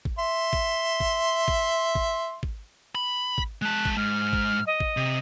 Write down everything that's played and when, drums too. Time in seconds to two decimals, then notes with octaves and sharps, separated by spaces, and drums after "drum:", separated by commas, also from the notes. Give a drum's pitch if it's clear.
0.05 drum: kick
0.19 E5 C6
0.53 drum: kick
1.00 drum: kick
1.48 drum: kick
1.95 drum: kick
2.43 drum: kick
2.95 B5
3.38 drum: kick
3.62 G#3 A5 F#6
3.85 drum: kick
3.97 G#2 F6
4.33 drum: kick
4.67 D#5
4.80 drum: kick
4.97 C3